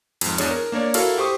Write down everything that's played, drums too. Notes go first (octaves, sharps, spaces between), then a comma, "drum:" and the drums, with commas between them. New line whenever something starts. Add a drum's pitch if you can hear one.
F2 G#2, drum: cymbal
E2 D4 G#4 C#5, drum: cymbal
A#4
A#3 D4 A#4 C#5 D5
E4 F#4 A4 A#4 F5 F#5, drum: cymbal
G4 C5 C#6 D#6